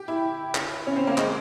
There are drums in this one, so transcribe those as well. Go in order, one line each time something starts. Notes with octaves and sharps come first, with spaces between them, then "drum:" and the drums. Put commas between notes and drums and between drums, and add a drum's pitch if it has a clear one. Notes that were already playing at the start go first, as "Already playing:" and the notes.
Already playing: G4
E4
drum: clap
C#4
C4
A#3
G#3, drum: clap